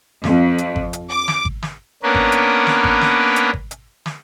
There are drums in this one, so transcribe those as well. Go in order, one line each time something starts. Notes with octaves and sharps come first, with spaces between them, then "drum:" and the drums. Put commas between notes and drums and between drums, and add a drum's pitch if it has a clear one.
F2, drum: snare
drum: hi-hat
drum: kick G#1
drum: hi-hat
D6
drum: snare
drum: kick G#1
drum: snare
A#3 B3 C#4 D4 A#4 B4
drum: kick G#1
drum: hi-hat
drum: snare
drum: kick G#1
drum: snare
drum: hi-hat
drum: kick G#1
drum: hi-hat
drum: snare